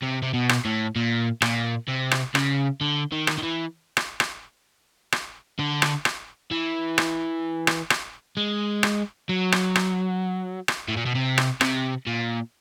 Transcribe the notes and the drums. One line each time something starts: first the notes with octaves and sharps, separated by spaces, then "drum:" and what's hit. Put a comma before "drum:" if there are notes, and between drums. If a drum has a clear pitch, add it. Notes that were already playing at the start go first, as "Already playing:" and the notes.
C3
C3
B2
drum: rim click
A2
A#2
A#2, drum: rim click
C3
drum: rim click
C#3, drum: rim click
D3
D#3
drum: rim click
D#3
E3
drum: rim click
drum: rim click
drum: rim click
D3
drum: rim click
drum: rim click
E3
drum: rim click
drum: rim click
drum: rim click
G#3
drum: rim click
F#3
drum: rim click
drum: rim click
drum: rim click
A2
A#2
B2
C3
drum: rim click
C3, drum: rim click
A#2